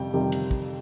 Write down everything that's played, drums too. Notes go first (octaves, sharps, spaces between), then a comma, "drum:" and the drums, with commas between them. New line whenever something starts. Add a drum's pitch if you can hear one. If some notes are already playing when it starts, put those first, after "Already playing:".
Already playing: F2 C3 G3 G5
F2 C3 D#3 G3
drum: cymbal
drum: kick